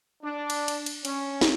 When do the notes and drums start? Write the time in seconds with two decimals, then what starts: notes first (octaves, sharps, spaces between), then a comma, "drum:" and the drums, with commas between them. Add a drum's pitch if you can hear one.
0.23 D4
0.50 drum: cymbal
0.68 drum: cymbal
0.86 drum: cymbal
1.05 C#4, drum: cymbal
1.41 drum: snare